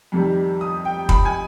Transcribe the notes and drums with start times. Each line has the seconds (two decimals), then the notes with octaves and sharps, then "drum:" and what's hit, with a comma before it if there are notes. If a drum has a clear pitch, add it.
0.12 F2 C3 D#3 G3
0.61 D#6
0.85 G5
1.09 B5, drum: kick
1.25 G#5